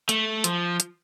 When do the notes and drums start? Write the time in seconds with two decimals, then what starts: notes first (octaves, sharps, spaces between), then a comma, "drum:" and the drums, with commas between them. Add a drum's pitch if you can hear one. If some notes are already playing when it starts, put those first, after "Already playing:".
0.09 A3, drum: hi-hat
0.44 F3, drum: hi-hat
0.80 drum: hi-hat